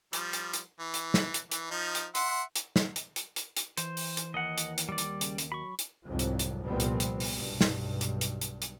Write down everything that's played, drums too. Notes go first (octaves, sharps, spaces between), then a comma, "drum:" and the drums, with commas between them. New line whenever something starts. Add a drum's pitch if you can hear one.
F3 G3, drum: hi-hat
drum: hi-hat
drum: hi-hat
E3
drum: hi-hat
drum: snare
drum: hi-hat
E3, drum: hi-hat
F3 D#4
drum: hi-hat
E5 F#5 C6, drum: hi-hat
drum: hi-hat
drum: snare
drum: hi-hat
drum: hi-hat
drum: hi-hat
drum: hi-hat
E3 C5, drum: hi-hat
drum: open hi-hat
drum: hi-hat
D#2 D#5 F#5
drum: hi-hat
drum: hi-hat
G3 D5
drum: hi-hat
C#3, drum: hi-hat
drum: hi-hat
F#3 B5 C#6
drum: hi-hat
C2 F2 G#2 C3 F#3
drum: hi-hat
drum: hi-hat
C2 A#2 F3 G3 B3 C4
drum: hi-hat
drum: hi-hat
drum: open hi-hat
B1 G2
drum: snare
drum: hi-hat
drum: hi-hat
drum: hi-hat
drum: hi-hat